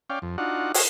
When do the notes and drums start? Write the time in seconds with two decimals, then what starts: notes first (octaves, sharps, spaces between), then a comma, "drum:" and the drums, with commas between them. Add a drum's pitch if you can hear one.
0.10 C#4 D5 F5 G5
0.22 F2
0.38 D4 D#4 F4 F#4 F#5
0.74 F#4 G#4 C#5 D#5 F5, drum: open hi-hat